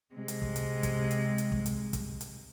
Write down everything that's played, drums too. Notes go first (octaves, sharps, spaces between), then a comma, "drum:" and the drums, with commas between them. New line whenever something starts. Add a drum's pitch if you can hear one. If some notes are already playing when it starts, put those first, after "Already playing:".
C3 G#3
drum: hi-hat
drum: kick
drum: hi-hat
drum: kick, hi-hat
drum: hi-hat
drum: hi-hat
drum: kick
drum: hi-hat
drum: kick, hi-hat
drum: hi-hat